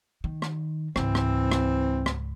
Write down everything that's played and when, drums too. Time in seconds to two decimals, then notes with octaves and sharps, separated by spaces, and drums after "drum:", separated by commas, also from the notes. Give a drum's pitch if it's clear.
0.24 D#3
0.42 drum: rim click
0.96 C#2 G#2 E3 C4, drum: rim click
1.15 drum: rim click
1.51 drum: rim click
2.06 drum: rim click